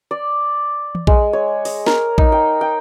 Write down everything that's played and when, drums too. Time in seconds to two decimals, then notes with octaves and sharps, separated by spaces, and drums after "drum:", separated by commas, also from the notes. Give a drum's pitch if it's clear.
0.11 D5
0.95 drum: tom E3
1.07 G#3, drum: kick A#1
1.33 C#5
1.65 D#5, drum: open hi-hat
1.86 A#4, drum: snare
2.18 D#4, drum: kick A#1
2.32 G5
2.61 G5